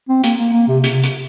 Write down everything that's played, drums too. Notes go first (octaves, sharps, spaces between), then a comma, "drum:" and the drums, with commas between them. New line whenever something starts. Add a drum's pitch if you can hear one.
C4
A#3, drum: hi-hat
A#3
A#3
C3
C3, drum: hi-hat
drum: hi-hat